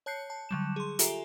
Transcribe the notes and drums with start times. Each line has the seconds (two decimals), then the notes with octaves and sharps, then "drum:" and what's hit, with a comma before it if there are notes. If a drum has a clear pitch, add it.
0.06 C#5 A5 F#6 G6 C7 C#7
0.30 A5
0.49 D3 F#3 G3 E7
0.76 G#4 C6
0.99 F4 G4 A4 E5 G#5 A#5, drum: hi-hat